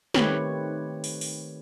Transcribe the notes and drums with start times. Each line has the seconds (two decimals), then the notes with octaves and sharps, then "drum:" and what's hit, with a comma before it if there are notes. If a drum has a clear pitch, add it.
0.14 D#3 A3 C4 G4 B4 C#5, drum: snare
1.04 drum: open hi-hat
1.21 drum: open hi-hat